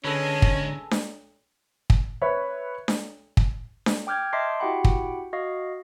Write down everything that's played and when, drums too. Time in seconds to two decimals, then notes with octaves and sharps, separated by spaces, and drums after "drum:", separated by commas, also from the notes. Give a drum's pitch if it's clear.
0.04 D3 G#3 C#4 G#4 A4 B4 A#5
0.42 drum: kick
0.91 drum: snare D4
1.90 drum: kick
2.22 B4 C#5 E5 B5
2.88 drum: snare D4
3.37 drum: kick
3.86 drum: snare D4
4.07 G5 D6 F6 G6 G#6
4.33 D#5 E5 A5 C6 D6 C7
4.60 E4 F#4 G4 F#5 G5 B5
4.84 drum: kick
5.33 F#4 D#5 F5